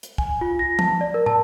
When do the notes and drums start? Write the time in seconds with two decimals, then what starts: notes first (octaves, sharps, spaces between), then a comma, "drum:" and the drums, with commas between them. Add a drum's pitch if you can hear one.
0.03 drum: hi-hat
0.18 G#5, drum: kick
0.41 F4
0.59 A#6
0.79 A5, drum: tom
1.01 D5
1.14 A#4
1.26 A5, drum: tom